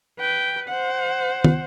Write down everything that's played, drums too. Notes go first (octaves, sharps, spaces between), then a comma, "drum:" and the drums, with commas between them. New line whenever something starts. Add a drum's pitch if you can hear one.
B4 G5
C5 F#5
drum: tom